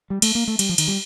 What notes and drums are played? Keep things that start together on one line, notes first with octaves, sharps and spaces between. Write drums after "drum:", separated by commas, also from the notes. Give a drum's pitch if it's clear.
G3
A3, drum: cymbal
A#3
A3
G3, drum: cymbal
F3
D#3, drum: cymbal
G3